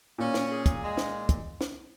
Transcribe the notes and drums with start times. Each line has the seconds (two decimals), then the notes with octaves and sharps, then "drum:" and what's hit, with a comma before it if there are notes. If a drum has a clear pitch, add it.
0.18 A#2 C#4
0.34 drum: snare
0.50 G#4
0.66 drum: kick, hi-hat
0.82 G#3
0.97 drum: snare
1.29 drum: kick, hi-hat
1.61 drum: snare